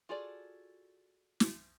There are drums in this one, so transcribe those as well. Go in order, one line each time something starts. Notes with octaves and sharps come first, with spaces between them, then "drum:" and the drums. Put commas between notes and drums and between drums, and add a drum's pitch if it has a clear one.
F4 F#4 G#4 A4 D5
drum: snare